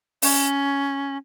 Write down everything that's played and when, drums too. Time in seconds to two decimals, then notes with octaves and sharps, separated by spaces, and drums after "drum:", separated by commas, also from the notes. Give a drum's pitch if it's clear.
0.22 C#4, drum: open hi-hat